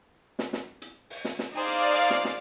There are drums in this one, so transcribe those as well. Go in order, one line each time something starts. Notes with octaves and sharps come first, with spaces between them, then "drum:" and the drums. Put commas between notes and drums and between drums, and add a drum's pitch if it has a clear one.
drum: snare
drum: snare
drum: hi-hat
drum: open hi-hat
drum: snare
drum: snare
D#4 G#4 C5 D5 F5
drum: hi-hat
drum: open hi-hat
drum: snare
drum: snare